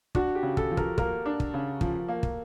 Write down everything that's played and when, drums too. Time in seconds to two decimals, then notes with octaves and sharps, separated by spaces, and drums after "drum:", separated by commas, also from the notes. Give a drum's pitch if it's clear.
0.15 D4 F#4, drum: kick
0.35 G4
0.43 C#3
0.57 A4, drum: kick
0.71 F3
0.77 A#4, drum: kick
0.98 A#3 A#4, drum: kick
1.26 D4
1.40 drum: kick
1.54 C#3
1.81 F3, drum: kick
2.08 A#3
2.23 drum: kick